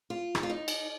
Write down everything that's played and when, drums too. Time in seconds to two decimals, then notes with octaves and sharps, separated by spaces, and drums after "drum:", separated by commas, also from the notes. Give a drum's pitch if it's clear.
0.10 F4
0.35 D#4, drum: rim click
0.43 F4
0.50 D#4
0.68 drum: cymbal